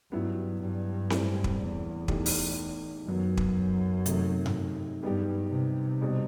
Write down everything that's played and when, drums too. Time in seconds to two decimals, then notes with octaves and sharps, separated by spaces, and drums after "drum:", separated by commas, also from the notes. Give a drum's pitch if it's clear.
0.12 G2 F#3 B3 E4 G4
0.61 G2
1.10 A2 G3 C4 E4, drum: snare C4
1.44 drum: kick
1.60 E2
2.08 E3 A3 D#4 G4, drum: kick
2.26 drum: open hi-hat
3.07 F#2 D#3 F#3 B3
3.37 drum: kick
4.06 C3 D#3 A3 D#4, drum: hi-hat
4.46 drum: tom G2
5.03 G2 G3 B3 D#4 G4
5.52 C3
6.01 B2 G3 C4